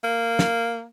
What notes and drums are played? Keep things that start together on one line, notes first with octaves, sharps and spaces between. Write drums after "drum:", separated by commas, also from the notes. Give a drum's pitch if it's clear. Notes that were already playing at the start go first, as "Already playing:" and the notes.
A#3
drum: snare